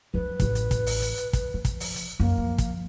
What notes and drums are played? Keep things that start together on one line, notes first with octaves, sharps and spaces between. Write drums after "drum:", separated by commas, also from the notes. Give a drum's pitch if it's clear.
F3 D4 B4
A1 E3, drum: kick, hi-hat
drum: hi-hat
drum: kick, hi-hat
drum: open hi-hat
drum: hi-hat
drum: hi-hat
drum: kick, hi-hat
F3
drum: kick, hi-hat
drum: open hi-hat
drum: hi-hat
F#2 A#3
F3
drum: kick, hi-hat